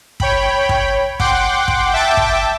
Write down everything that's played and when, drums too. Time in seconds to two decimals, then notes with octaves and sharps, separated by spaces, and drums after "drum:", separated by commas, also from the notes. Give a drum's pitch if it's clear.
0.20 C#5 G5 B5, drum: kick
0.69 drum: kick
1.20 F#5 G5 C6 D6, drum: kick
1.68 drum: kick
1.93 E5 G5 A5 D6
2.17 drum: kick